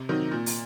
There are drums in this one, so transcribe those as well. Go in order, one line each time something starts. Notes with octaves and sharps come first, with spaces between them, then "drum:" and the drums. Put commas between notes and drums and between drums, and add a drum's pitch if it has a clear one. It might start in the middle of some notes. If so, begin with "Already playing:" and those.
Already playing: C3
D#3 F#3 C4 D#4
A#2
drum: open hi-hat